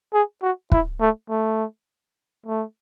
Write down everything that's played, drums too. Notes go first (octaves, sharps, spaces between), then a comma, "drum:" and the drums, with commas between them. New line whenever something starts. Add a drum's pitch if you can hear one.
G#4
F#4
E4, drum: kick
A3
A3
A3